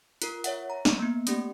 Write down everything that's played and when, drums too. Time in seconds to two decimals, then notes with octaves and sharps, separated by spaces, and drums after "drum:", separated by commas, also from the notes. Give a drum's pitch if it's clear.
0.22 F4 A#4, drum: hi-hat
0.44 C#5 E5 F#5, drum: hi-hat
0.70 A#5
0.85 drum: snare
0.99 A#3 B3
1.27 A3 C#4 G4, drum: hi-hat